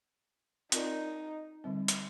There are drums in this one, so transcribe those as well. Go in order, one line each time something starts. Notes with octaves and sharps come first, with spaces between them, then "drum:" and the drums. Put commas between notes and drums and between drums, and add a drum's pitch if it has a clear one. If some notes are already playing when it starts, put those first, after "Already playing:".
C4 D#4 F4 A#4 D5, drum: hi-hat
D3 G3 C4
drum: hi-hat